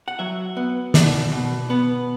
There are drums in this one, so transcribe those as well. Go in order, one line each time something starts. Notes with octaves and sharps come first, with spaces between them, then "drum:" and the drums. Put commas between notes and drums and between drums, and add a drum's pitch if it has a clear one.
F#5
F#3 E5
B3
B2 D5, drum: snare
B2
B3